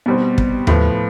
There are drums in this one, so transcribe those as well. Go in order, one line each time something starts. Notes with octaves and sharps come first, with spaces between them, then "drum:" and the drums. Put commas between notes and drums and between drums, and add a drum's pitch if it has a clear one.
B2 G3 C4
drum: kick
A2 F3 B3 F4, drum: tom D#2